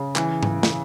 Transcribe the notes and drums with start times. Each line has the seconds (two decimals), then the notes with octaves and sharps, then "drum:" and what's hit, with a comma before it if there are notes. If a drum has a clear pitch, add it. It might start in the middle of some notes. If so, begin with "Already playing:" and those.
Already playing: C#3
0.16 E3, drum: clap
0.43 drum: tom G#2
0.63 drum: snare